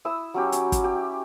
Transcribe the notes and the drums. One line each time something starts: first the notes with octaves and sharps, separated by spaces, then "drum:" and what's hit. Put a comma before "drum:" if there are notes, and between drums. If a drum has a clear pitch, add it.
E4 D#6 E6
F#3 C#4 G4
C#4, drum: hi-hat
drum: kick, hi-hat
G4